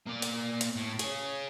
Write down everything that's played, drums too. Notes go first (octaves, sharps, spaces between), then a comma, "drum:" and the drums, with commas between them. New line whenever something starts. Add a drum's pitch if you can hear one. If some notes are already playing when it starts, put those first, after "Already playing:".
A#3 D5
drum: hi-hat
drum: hi-hat
A2
G#4 C#5, drum: hi-hat